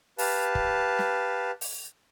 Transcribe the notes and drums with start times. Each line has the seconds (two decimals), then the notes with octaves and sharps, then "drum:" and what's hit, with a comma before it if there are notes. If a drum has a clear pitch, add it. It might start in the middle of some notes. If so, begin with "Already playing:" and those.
0.18 G4 B4 F5 A5, drum: open hi-hat
0.55 drum: kick
0.99 drum: snare
1.61 drum: open hi-hat